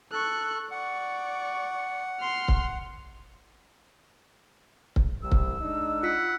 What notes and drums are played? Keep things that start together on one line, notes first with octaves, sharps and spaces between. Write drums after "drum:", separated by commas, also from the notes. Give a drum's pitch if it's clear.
A4 C#6 F#6
D5 F#5 C#6
C6 F6
drum: kick C#1
drum: kick C#1
C2 E6
drum: kick C#1
G#3 D4 D#4
F4 F#5 B6